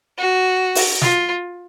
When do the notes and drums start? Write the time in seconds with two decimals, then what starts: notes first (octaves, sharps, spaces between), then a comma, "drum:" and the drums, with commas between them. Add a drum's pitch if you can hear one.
0.18 F#4
0.75 drum: open hi-hat
1.02 F4, drum: snare